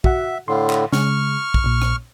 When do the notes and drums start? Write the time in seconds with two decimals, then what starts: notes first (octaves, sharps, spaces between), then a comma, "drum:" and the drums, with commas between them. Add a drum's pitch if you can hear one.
0.04 F#4 E5 F#5, drum: kick
0.48 A2 D3 F5 C6
0.70 drum: clap
0.93 C#3 G#3 C#6 F6, drum: snare
1.54 drum: kick
1.64 A#1 A#2
1.82 drum: rim click